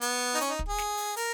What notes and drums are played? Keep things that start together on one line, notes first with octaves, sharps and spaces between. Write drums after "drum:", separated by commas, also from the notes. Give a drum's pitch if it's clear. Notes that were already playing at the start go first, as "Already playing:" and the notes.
B3, drum: hi-hat
D#4
C#4, drum: hi-hat
D#4
drum: kick
G#4
drum: snare
drum: open hi-hat
A#4, drum: hi-hat